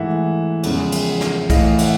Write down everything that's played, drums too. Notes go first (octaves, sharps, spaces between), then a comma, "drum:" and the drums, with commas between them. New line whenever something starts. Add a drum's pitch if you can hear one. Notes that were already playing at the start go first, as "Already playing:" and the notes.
Already playing: G#2 E3 A3 E5 F#5
E2 C#3 F3 G#3, drum: cymbal
drum: cymbal
drum: snare
A2 E3 A3 D#5 F5, drum: kick, cymbal
E5 F#5, drum: cymbal